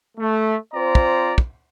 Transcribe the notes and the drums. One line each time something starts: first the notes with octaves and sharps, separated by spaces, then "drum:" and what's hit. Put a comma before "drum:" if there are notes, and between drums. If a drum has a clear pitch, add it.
A3
C4 F4 C5 D5 A#5
drum: kick
drum: kick